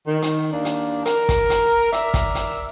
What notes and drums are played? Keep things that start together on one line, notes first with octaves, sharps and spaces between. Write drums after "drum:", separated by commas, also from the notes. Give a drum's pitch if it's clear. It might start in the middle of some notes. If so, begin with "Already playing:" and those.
D#3
drum: hi-hat
D#2 A#3 D4
drum: hi-hat
A#4, drum: hi-hat
drum: kick, hi-hat
drum: hi-hat
A#4 D5 E5, drum: hi-hat
drum: kick, hi-hat
drum: hi-hat